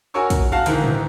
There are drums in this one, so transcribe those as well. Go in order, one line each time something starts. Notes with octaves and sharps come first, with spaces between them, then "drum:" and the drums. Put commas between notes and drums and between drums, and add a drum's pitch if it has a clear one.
F#4 A#4 C#5 G#5 C#6 E6
drum: kick, hi-hat
F#4 F5 F#5 A5
D2 G#2 D#3 E3 A#4, drum: hi-hat
drum: tom G#2